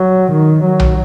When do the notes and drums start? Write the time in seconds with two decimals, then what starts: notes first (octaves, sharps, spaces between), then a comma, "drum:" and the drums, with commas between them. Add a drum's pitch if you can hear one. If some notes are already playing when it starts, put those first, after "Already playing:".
Already playing: F#3
0.32 D#3
0.64 F#3
0.79 drum: tom B1